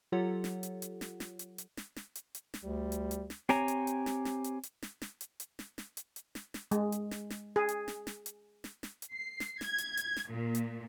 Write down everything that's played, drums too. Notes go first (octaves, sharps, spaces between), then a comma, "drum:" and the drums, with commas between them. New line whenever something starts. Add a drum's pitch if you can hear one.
F#3 F4 G4 A4 C#5 F#5
drum: snare
drum: hi-hat
drum: hi-hat
drum: snare
drum: snare
drum: hi-hat
drum: hi-hat
drum: snare
drum: snare
drum: hi-hat
drum: hi-hat
drum: snare
D2 G3
drum: hi-hat
drum: hi-hat
drum: snare
C4 G4 C#5 G#5 A#5, drum: snare
drum: hi-hat
drum: hi-hat
drum: snare
drum: snare
drum: hi-hat
drum: hi-hat
drum: snare
drum: snare
drum: hi-hat
drum: hi-hat
drum: snare
drum: snare
drum: hi-hat
drum: hi-hat
drum: snare
drum: snare
G#3, drum: hi-hat
drum: hi-hat
drum: snare
drum: snare
G#4
drum: hi-hat
drum: snare
drum: snare
drum: hi-hat
drum: snare
drum: snare
drum: hi-hat
C7
drum: snare
G#6, drum: snare
drum: hi-hat
drum: hi-hat
drum: snare
A#2
drum: hi-hat